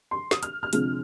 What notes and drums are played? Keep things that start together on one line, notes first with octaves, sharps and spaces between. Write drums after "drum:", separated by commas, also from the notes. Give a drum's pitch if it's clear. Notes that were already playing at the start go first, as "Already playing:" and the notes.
C6
D#6, drum: snare
F6, drum: hi-hat
F6
F1 F2 D3 F3 G#3, drum: hi-hat